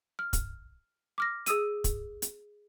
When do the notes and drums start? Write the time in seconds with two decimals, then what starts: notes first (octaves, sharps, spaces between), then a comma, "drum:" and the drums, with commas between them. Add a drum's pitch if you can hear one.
0.19 F6
0.33 drum: kick, hi-hat
1.18 D6 F6 A#6
1.46 G#4 D#6 E6 D#7, drum: hi-hat
1.84 drum: kick, hi-hat
2.22 drum: hi-hat